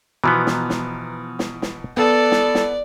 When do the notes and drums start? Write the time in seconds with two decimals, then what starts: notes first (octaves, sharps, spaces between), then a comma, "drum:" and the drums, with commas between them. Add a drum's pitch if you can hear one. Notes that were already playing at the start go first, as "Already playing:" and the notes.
0.24 B2 E3 F3 B3 A#5
0.47 drum: snare
0.70 drum: snare
1.39 drum: snare
1.62 drum: snare
1.97 B3 A4 D5
2.32 drum: snare
2.55 drum: snare